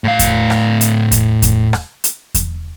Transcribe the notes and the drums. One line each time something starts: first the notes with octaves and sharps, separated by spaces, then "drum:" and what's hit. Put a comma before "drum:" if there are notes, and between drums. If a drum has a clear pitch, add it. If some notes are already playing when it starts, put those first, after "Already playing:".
A2 F5
drum: kick E2, hi-hat
drum: rim click
drum: hi-hat
drum: kick E2, hi-hat
drum: kick E2, hi-hat
drum: rim click
drum: hi-hat
drum: kick E2, hi-hat